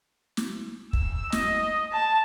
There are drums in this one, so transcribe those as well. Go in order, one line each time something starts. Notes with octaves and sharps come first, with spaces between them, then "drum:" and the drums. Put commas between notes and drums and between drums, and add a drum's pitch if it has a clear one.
drum: snare
E6, drum: kick
D#5, drum: snare
A5